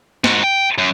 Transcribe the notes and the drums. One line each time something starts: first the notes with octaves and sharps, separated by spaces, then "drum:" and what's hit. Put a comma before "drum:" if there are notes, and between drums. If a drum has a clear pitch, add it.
G#2 F#4, drum: snare
G5
F#2